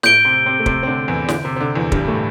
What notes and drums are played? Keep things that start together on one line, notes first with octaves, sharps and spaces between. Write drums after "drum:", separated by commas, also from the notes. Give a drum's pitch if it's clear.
A2 A3 G6 D7 G7, drum: snare
C3 C4
C3 C4
A3
C3 C4, drum: kick
C4
D3 D4
E2 E3
D3, drum: snare
C3
C3
D3
E2 E3
G2 G3, drum: kick
A2 A3